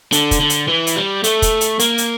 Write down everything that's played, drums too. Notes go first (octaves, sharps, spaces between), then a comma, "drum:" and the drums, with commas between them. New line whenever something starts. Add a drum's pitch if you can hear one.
D3, drum: hi-hat
drum: kick, hi-hat
D3
drum: hi-hat
E3
drum: hi-hat
G3
A3, drum: hi-hat
drum: kick, hi-hat
drum: hi-hat
A#3, drum: hi-hat
drum: hi-hat